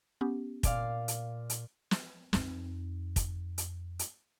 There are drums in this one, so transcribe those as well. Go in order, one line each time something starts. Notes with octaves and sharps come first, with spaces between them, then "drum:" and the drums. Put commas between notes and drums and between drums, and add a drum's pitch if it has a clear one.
B3 C#4 G4
A#2 D5 F5, drum: kick, hi-hat
drum: hi-hat
drum: hi-hat
drum: snare
F2 D#4, drum: snare
drum: kick, hi-hat
drum: hi-hat
drum: hi-hat